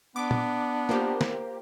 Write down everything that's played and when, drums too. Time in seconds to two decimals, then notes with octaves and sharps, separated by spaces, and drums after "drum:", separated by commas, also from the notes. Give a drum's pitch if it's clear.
0.16 B3 D4 D6
0.31 drum: tom
0.89 A#3 F4 G4 A#4 C5
1.21 drum: snare